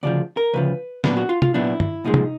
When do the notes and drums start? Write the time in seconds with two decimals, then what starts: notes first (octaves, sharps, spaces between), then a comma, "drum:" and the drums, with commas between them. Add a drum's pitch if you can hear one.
0.03 D2 C#3 F3 D5
0.37 A#4
0.54 D2 C#3 F3 B4
1.04 A#2 F#3 B3 D4 B4, drum: snare
1.17 F#4
1.29 F4
1.42 F4, drum: tom
1.54 A#2 F#3 B3 D4 E4
1.80 drum: tom G2
2.04 C2 A#2 F3 G#3 D#4
2.14 drum: tom